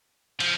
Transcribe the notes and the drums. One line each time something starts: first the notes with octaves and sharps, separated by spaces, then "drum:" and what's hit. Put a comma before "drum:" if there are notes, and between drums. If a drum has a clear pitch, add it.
F3, drum: cymbal